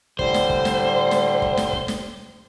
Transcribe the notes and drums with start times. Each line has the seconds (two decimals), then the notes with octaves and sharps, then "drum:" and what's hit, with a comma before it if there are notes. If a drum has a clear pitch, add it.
0.19 A2 D3 G3 C5, drum: kick
0.34 drum: snare
0.50 drum: kick
0.65 drum: snare
1.11 drum: snare
1.42 drum: kick
1.57 drum: snare
1.73 drum: kick
1.88 drum: snare